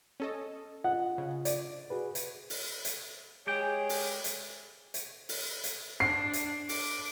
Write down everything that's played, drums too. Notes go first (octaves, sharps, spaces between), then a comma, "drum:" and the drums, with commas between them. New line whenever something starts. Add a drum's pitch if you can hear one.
C#4 A4 D#5
F4 D#5 F#5
C#3
D5, drum: hi-hat
F#4 G#4 B4
drum: hi-hat
drum: open hi-hat
drum: hi-hat
G#3 G4 G#4 C#5 G5
drum: open hi-hat
drum: hi-hat
drum: hi-hat
drum: open hi-hat
drum: hi-hat
D4 C7
drum: hi-hat
D6, drum: open hi-hat